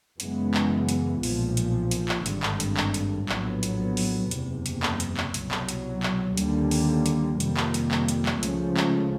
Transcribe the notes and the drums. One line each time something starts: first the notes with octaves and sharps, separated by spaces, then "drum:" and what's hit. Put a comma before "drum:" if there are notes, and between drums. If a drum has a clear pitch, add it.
F#2 C#3 E3 G#3 B3, drum: hi-hat
drum: clap
drum: hi-hat
B1 A#2 F3, drum: open hi-hat
drum: hi-hat
drum: hi-hat
drum: clap
G#1 G2 D3, drum: hi-hat
drum: clap
drum: hi-hat
drum: clap
drum: hi-hat
A#1 A2 F#3 B3, drum: clap
drum: hi-hat
drum: open hi-hat
F#1 E2 C3, drum: hi-hat
drum: hi-hat
drum: clap
drum: hi-hat
drum: clap
C2 B2 F#3, drum: hi-hat
drum: clap
drum: hi-hat
drum: clap
D#2 D3 G3 A#3, drum: hi-hat
drum: open hi-hat
drum: hi-hat
F2 C3 D#3 G3 A#3, drum: hi-hat
drum: clap
drum: hi-hat
drum: clap
drum: hi-hat
drum: clap
C#2 C#3 F3 A3 C#4, drum: hi-hat
drum: clap